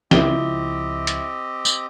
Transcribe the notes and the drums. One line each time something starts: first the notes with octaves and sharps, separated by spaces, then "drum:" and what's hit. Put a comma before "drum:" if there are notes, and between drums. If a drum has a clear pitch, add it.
C#2 F3 C4 E4 G4 D#5 G7, drum: snare
drum: hi-hat
drum: tambourine